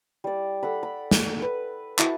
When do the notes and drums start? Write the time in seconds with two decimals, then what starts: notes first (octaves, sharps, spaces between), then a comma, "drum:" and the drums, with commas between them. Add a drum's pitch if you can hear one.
0.24 G3 D5
0.63 A4 F#5 B5
0.83 B5
1.11 drum: snare
1.42 B4
1.99 E4 F#4 A5 C#6, drum: clap